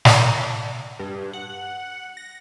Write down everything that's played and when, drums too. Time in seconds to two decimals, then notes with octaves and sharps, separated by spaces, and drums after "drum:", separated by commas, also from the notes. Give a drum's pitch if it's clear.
0.05 drum: snare
0.99 G2
1.33 F#5
2.17 A#6